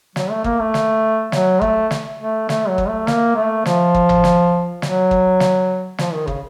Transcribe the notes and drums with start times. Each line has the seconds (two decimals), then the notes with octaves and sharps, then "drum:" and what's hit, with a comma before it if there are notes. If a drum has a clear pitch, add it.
0.16 F#3, drum: snare
0.30 A3
0.44 A#3, drum: kick
0.60 A3
0.74 drum: snare
1.32 F#3, drum: snare
1.61 A3, drum: kick
1.91 drum: snare
2.19 A3
2.49 A3, drum: snare
2.68 F#3
2.78 drum: kick
2.88 A3
3.07 A#3, drum: snare
3.36 A3
3.65 F3, drum: snare
3.95 drum: kick
4.09 drum: tom G1
4.24 drum: snare
4.82 F#3, drum: snare
5.11 drum: kick
5.40 drum: snare
5.98 F3, drum: snare
6.13 D#3
6.27 C#3, drum: kick